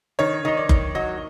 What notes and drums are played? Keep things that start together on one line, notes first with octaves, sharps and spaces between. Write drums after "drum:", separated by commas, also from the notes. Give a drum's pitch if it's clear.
D#3 C#5
D#3 D#5
D5
D#3, drum: kick F#1
F#3 D#5